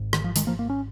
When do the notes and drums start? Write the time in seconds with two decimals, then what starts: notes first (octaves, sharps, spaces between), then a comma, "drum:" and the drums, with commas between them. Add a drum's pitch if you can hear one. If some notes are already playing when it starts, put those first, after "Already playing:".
Already playing: G#1 G#2
0.13 D#3, drum: rim click
0.24 F3
0.36 D#3 G#3, drum: hi-hat
0.47 F3 A#3
0.59 A#3
0.70 C#4